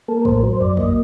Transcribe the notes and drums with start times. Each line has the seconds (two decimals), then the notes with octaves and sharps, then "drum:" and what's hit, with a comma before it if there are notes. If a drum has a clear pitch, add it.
0.08 A#3 A4
0.17 A#4
0.25 A2 C5, drum: kick
0.35 A#4
0.43 F#3 C5
0.60 F#2 D5
0.77 A#3 D#5, drum: kick